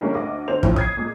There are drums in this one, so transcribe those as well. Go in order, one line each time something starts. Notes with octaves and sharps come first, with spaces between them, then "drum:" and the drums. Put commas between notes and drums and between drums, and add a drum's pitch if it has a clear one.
D3 G3 G#3 A#3 C#4
D2 D#5 D6
D3 C4 C5 F7
F2 A2 D3 E3 F3, drum: kick
D#6 G#6 C7, drum: kick
A#2 G#3